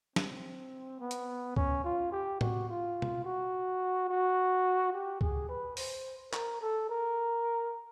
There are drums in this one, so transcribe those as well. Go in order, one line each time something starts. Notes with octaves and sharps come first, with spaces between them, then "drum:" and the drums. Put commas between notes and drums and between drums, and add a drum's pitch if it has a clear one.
C4, drum: snare
B3
drum: hi-hat
C#4, drum: kick
F4
G4
F#4, drum: tom A2
F4
drum: tom B2
F#4
F#4
G4
G#4, drum: kick
B4
C5, drum: open hi-hat
A#4, drum: clap
A4
A#4